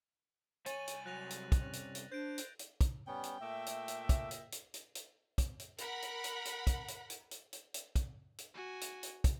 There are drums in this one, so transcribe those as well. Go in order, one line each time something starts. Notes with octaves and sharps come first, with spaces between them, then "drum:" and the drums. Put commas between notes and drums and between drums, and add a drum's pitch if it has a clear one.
C2 C#5 G#5 A6 D#7 F#7, drum: hi-hat
drum: hi-hat
F#3 F#6 A#6 F7
drum: hi-hat
drum: kick, hi-hat
C#4
drum: hi-hat
drum: hi-hat
D4 C5 G6 D7
drum: hi-hat
drum: hi-hat
drum: kick, hi-hat
G3 B3 C#4 G5
drum: hi-hat
A#2 A3 D#5 E5 D6 E6
drum: hi-hat
drum: hi-hat
drum: kick, hi-hat
drum: hi-hat
drum: hi-hat
drum: hi-hat
drum: hi-hat
drum: kick, hi-hat
drum: hi-hat
A#4 F#5 B5, drum: hi-hat
drum: hi-hat
drum: hi-hat
drum: hi-hat
drum: kick, hi-hat
drum: hi-hat
drum: hi-hat
drum: hi-hat
drum: hi-hat
drum: hi-hat
drum: kick, hi-hat
drum: hi-hat
F#4 G#5
drum: hi-hat
drum: hi-hat
drum: kick, hi-hat